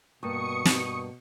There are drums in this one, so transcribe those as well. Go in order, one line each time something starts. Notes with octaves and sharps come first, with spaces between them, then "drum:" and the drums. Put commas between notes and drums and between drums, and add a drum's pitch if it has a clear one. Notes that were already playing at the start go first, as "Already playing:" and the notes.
G2 B2 A#3 C#6 D#6 C#7
drum: snare